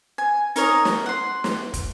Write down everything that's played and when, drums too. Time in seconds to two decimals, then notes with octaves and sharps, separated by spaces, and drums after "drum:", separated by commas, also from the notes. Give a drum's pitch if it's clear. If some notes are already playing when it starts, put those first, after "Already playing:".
0.18 G#5
0.56 D#4 A#4 C#5 D#5, drum: hi-hat
0.85 drum: snare
1.06 F#5 C6
1.44 drum: snare
1.74 drum: kick, hi-hat